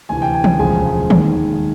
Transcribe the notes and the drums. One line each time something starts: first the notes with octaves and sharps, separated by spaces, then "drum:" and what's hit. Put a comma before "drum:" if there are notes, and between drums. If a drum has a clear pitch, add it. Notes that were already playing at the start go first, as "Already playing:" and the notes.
D2 C3 E3 G#5
G5
G#5
drum: tom
E1 D2 C#3 F3 G#3 G#5
D#2 D#3 G#3, drum: tom